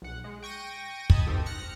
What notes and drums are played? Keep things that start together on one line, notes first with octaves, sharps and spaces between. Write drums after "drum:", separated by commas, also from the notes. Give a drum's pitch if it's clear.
B1 F#5
G#3
G5 C#6 A#6 D#7
D#5 A5 B5 D#6 G#6, drum: kick
B2 D#3 C4 G4 A4
F6 F#6 A#6 C#7